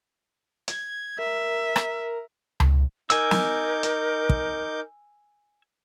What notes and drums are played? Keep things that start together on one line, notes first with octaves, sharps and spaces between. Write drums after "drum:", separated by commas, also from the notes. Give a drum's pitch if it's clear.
G#6, drum: hi-hat
A#4 E5
drum: rim click
drum: tom C#2
D#4 A#4 G#5 D6 E6 G6, drum: hi-hat
drum: snare
drum: hi-hat
drum: kick